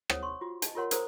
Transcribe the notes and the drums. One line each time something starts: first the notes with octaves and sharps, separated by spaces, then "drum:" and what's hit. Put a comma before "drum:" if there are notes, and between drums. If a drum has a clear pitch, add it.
C5 C#5 F#5 D#6, drum: rim click
C6 C#6
F4 F#4
D#5 G#5 A5, drum: hi-hat
F4 G4 A#4 C#5 F#5 C6
A#4 C5 A#5 D#6, drum: hi-hat